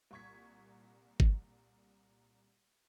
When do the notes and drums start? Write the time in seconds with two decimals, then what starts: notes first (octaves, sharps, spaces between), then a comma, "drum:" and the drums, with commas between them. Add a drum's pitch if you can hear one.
0.11 C2 A#2 C#6 G#6 B6
1.20 drum: kick G1